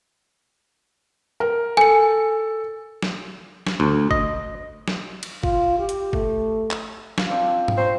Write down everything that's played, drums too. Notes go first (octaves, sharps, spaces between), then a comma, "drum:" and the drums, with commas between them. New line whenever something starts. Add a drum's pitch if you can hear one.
A#4
A4 G#5 C#7
drum: snare
drum: snare
D2
D#5, drum: kick G1
drum: snare
drum: cymbal
F4, drum: kick G1
G4
drum: hi-hat
A3, drum: kick G1
drum: clap
F4, drum: snare
C4 D4
C4
drum: tom G#2
C5 A#5 C#6